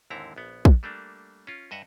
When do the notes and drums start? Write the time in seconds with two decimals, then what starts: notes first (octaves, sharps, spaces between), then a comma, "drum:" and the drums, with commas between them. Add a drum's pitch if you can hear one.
0.10 D#2 G#2 D3 C4 E4 A#5
0.36 A#1 B3
0.65 drum: kick
0.83 G3 A3 A#3 D4
1.47 C#4 F4
1.71 G2 D#5 E5 F#5